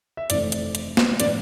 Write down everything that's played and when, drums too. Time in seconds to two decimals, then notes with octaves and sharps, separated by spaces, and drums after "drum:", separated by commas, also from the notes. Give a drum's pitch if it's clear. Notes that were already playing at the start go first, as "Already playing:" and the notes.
0.17 E5
0.30 F1 F2 E3 A3 C4 D5, drum: hi-hat
0.52 drum: hi-hat
0.75 drum: hi-hat
0.97 drum: snare
1.20 A2 F3 B3 D5, drum: hi-hat